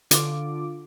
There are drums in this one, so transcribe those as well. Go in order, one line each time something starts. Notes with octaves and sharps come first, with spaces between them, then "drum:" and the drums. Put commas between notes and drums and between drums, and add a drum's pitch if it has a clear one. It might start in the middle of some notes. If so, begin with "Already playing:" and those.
D3 F4 D6, drum: hi-hat